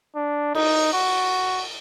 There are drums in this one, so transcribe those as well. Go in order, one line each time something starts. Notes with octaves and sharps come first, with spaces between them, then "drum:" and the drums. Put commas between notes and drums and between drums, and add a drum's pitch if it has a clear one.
D4
D#4, drum: cymbal
F#4